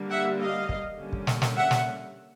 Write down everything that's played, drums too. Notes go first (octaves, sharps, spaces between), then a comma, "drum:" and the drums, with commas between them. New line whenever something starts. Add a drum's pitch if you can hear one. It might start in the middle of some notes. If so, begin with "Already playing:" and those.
Already playing: D3 G3 A#3
E5 F#5
D#5 F5
drum: kick
D3 G3 A#3 C#4
drum: kick
drum: snare
drum: snare
E5 F#5
drum: snare